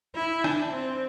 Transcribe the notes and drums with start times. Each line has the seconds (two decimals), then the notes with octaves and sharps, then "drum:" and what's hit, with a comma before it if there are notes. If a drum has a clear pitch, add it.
0.15 E4
0.44 D4, drum: rim click
0.73 C4